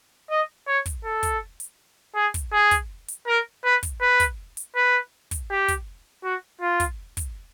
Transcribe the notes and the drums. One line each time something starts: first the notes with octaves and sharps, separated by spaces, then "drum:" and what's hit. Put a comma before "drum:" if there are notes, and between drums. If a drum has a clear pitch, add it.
D#5
C#5
drum: kick, hi-hat
A4
drum: kick, hi-hat
drum: hi-hat
G#4
drum: kick, hi-hat
G#4
drum: kick, hi-hat
drum: hi-hat
A#4
B4
drum: kick, hi-hat
B4
drum: kick, hi-hat
drum: hi-hat
B4
drum: kick, hi-hat
G4
drum: kick, hi-hat
F#4
F4
drum: kick, hi-hat
drum: kick, hi-hat